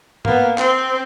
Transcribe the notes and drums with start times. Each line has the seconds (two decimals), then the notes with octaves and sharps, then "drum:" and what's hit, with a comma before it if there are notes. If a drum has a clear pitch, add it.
0.25 A#3 B3, drum: tom G#2
0.58 C4, drum: clap